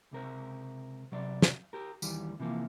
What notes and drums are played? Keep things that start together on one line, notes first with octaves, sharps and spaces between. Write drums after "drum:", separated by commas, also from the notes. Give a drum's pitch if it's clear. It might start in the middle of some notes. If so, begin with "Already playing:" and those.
C#2 C3 A#4 C5
C3 F#3 D5
drum: snare
G4 A#4
D#2 E3 G3, drum: tambourine
C3 E3 F3 A#3 F4